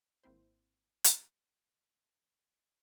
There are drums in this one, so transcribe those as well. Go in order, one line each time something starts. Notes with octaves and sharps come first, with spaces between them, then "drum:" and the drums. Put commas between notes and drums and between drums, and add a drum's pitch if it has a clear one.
G#1 A#3 C4 E4 C5
drum: hi-hat